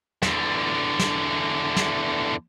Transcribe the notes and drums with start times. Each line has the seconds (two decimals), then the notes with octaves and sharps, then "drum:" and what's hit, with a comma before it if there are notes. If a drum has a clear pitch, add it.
0.22 E2 D3, drum: snare
0.99 drum: snare
1.76 drum: snare